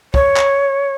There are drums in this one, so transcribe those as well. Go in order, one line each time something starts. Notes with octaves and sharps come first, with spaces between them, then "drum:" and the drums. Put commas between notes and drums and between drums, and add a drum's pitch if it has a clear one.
C#5, drum: kick
drum: clap